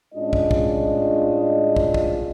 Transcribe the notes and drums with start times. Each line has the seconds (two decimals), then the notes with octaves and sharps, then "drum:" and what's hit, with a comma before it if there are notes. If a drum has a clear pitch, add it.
0.15 A2 G#3 C#4 D4 F4 D#5
0.33 drum: kick
0.51 drum: kick
1.76 drum: kick
1.94 drum: kick